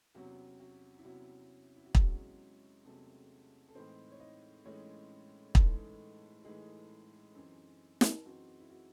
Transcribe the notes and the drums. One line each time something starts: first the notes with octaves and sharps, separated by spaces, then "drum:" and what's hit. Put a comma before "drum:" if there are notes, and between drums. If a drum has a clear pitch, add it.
E2 C3 F#3 C#4 F#4
F#4
E4
E2 C3 F#3 C#4 F#4
E4
F#4
E2 C3 F#3 G#3 C#4 G#4, drum: kick
E2 C3 F#3 A3 C#4 A4
A4
A2 E3 G#3 C4 D#4 C5
C#5
D#4 D#5
A2 E3 G#3 C#4 D#4 C#5
A2 E3 G#3 A3 D#4 A4, drum: kick
A2 E3 G#3 D#4 G#4
F#2 E3 C4 D#4
drum: snare
F#2 E3 C4 D#4 F#4
E4
F#4